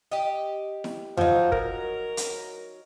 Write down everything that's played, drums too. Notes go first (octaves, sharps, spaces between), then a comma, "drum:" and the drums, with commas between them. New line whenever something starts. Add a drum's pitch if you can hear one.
G4 D#5
drum: snare E4
F3 F#3 D#4, drum: tom E2
A#4, drum: kick
drum: hi-hat